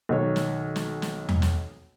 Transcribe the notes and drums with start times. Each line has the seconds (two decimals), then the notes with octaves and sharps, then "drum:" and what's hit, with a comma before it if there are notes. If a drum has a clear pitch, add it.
0.09 B1 D#3 C#5
0.36 drum: snare
0.76 drum: snare
1.02 drum: snare
1.29 drum: tom E2
1.42 drum: snare